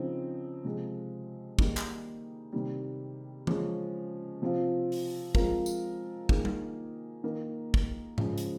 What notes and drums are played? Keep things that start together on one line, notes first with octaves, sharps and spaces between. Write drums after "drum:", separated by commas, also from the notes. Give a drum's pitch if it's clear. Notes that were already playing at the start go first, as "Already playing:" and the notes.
Already playing: C#3 F3 C4 D#4
C3 F3 G#3
D#3 G3 A#3 D#4 G#4, drum: kick
drum: clap
C3 D#3 G3
C#3 F3 G#3 C#4, drum: tom E3
C3 F3 C4 F4
drum: open hi-hat
F3 G#3 C4 F4 A#4, drum: kick
drum: tambourine
D#3 A#3 D#4 G#4, drum: kick
drum: tom G3
D#3 A#3 D#4 A#4
drum: kick
C#3 F3 G#3, drum: tom G#2
drum: hi-hat